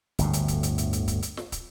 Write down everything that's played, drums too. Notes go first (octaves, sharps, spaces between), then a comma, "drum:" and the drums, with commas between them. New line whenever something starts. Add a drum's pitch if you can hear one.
G1 D2 A2, drum: hi-hat
drum: hi-hat
drum: kick, hi-hat
drum: hi-hat
drum: hi-hat
drum: hi-hat
drum: kick, hi-hat
drum: hi-hat
drum: snare
drum: kick, hi-hat